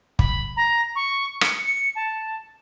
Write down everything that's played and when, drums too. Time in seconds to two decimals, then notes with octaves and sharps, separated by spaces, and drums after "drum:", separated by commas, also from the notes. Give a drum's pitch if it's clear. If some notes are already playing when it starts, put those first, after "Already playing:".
0.19 B5, drum: kick
0.57 A#5
0.96 C#6
1.41 C#7, drum: rim click
1.65 C#7
1.96 A5